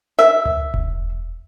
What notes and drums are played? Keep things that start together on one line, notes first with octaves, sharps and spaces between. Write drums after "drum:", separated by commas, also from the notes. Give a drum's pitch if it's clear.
E5
drum: tom C#2
drum: kick E1